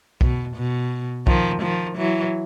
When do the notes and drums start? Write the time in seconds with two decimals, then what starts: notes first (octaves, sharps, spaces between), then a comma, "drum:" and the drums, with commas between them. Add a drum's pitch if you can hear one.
0.21 B2, drum: kick
0.56 B2
1.27 D#3 F3, drum: kick
1.62 D#3 F3
1.98 E3 F#3